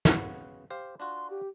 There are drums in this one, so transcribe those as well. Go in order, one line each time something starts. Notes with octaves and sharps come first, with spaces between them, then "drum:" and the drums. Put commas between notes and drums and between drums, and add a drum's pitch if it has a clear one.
C#3 B3 F#4, drum: snare
G4 C5 F5
D4 F4 F#4 C6
G4